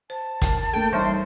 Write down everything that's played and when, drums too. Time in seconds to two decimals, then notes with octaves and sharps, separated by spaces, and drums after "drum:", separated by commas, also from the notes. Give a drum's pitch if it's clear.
0.10 C5 A5
0.42 A#4, drum: kick, hi-hat
0.73 A3 A#3 G5
0.93 E3 G3 D#4 C5 E5 C#6